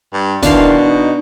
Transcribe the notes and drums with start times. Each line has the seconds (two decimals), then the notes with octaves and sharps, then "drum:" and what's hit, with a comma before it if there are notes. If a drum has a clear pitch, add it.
0.13 G2
0.43 B2 D#3 E3 D4 F5 C6, drum: kick, hi-hat
0.84 D#4